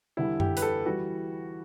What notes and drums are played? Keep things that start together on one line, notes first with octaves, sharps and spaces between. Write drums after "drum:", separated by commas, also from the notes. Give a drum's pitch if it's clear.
E2 D3 G3 E4
G4, drum: tom F#2
B4, drum: hi-hat
A4
E3 G3 F#4